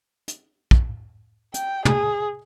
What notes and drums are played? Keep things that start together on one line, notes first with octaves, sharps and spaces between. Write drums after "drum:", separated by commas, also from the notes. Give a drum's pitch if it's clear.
drum: hi-hat
drum: kick
G5, drum: hi-hat
G#4, drum: tom